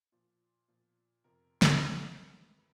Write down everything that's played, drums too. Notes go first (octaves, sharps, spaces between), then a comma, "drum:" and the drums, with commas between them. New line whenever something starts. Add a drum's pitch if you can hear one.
A#2 F3
A#2 F3
F2 C3 F3 A#4
drum: snare
F2 C3 F3 B4